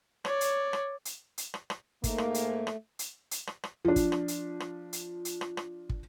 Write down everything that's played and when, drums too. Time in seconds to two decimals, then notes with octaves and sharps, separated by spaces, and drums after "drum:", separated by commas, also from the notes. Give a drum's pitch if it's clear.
0.25 C#5 D5, drum: rim click
0.41 drum: hi-hat
0.73 drum: rim click
1.05 drum: hi-hat
1.38 drum: hi-hat
1.54 drum: rim click
1.70 drum: rim click
2.04 G#2 A3 A#3, drum: kick, hi-hat
2.18 drum: rim click
2.34 drum: hi-hat
2.67 drum: rim click
2.99 drum: hi-hat
3.31 drum: hi-hat
3.47 drum: rim click
3.64 drum: rim click
3.85 F3 D4
3.96 drum: kick, hi-hat
4.12 drum: rim click
4.28 drum: hi-hat
4.60 drum: rim click
4.93 drum: hi-hat
5.25 drum: hi-hat
5.41 drum: rim click
5.57 drum: rim click
5.89 drum: kick